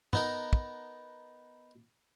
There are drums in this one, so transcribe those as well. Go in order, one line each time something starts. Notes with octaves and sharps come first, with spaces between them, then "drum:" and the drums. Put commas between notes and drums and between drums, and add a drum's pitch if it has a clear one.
B3 D#4 A#4, drum: tom
drum: kick